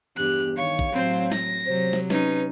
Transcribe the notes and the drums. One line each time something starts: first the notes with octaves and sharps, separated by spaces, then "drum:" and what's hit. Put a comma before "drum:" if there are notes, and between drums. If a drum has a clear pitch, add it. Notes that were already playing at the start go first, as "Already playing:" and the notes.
E2 G2 G4 F#6
D#3 C#5 F5 C#6
drum: kick
A2 F#3 C4 C5
A#6, drum: snare
C3 F#3 C5
drum: snare
C#4 D#4 B4, drum: snare